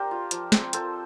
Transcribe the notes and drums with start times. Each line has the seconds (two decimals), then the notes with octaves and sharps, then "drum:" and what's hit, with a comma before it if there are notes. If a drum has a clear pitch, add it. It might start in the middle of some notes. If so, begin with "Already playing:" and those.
Already playing: A#3 D4 G4 A#4 C5 D5
0.11 F4
0.31 F3, drum: hi-hat
0.52 C4, drum: snare
0.73 F3 A4 C5, drum: hi-hat